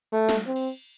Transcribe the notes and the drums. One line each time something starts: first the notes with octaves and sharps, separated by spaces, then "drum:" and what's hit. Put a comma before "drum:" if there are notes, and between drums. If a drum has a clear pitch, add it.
A3
drum: snare
C4
drum: cymbal